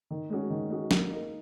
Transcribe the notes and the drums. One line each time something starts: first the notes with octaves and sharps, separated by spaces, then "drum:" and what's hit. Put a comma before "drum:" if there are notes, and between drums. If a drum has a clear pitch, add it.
D#3
G#3 C#4 F#4
D#3
G#3 C#4 F#4
A#3, drum: snare
D#4 A#4